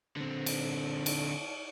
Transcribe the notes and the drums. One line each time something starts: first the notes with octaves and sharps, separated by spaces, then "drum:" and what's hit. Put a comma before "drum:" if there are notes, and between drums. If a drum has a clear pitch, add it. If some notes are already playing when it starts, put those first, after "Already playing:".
D3 C4
drum: cymbal
drum: cymbal